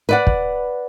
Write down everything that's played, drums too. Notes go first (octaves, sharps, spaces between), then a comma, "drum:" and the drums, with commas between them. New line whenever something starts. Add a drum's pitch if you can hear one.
B4 D5 F#5
drum: kick